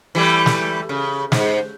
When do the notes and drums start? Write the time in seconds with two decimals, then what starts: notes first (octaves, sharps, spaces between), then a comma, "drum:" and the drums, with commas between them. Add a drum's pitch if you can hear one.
0.15 E3 G3 A3
0.46 drum: snare
0.89 C#3
1.32 G#2, drum: snare